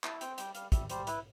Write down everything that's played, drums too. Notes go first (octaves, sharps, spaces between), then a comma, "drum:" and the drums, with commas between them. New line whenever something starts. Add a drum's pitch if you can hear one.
E4 A5, drum: clap
C4 G5, drum: hi-hat
G3 G5, drum: hi-hat
G3 F5, drum: hi-hat
G3 E5, drum: kick, hi-hat
G3 C5, drum: hi-hat
E4 B4, drum: hi-hat